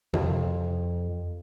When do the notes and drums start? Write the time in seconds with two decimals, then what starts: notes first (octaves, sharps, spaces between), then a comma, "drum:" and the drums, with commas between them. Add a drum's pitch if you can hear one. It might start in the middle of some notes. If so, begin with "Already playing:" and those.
0.14 F2, drum: tom C3